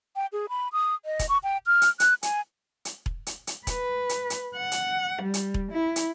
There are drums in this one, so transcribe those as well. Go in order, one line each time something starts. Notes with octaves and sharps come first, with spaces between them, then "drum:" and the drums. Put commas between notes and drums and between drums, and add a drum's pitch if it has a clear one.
G5
G#4
B5
D#6
D#5
drum: kick E1, hi-hat
C#6
G5
F6
drum: hi-hat
F#6, drum: hi-hat
G#5, drum: hi-hat
drum: hi-hat
drum: kick E1
drum: hi-hat
drum: hi-hat
B4, drum: kick E1, hi-hat
drum: hi-hat
drum: hi-hat
F#5
drum: hi-hat
G3
drum: hi-hat
drum: kick E1
E4
drum: hi-hat